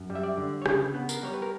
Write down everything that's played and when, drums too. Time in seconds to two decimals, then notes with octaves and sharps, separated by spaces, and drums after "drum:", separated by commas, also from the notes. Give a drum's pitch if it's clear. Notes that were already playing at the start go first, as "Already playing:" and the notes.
Already playing: F#2
0.10 G3
0.15 E5
0.23 D5
0.38 D3
0.62 C#5
0.66 C#3 B4, drum: rim click
0.94 B3
1.09 A#4, drum: tambourine
1.23 G3 C#5
1.33 B4
1.42 A#4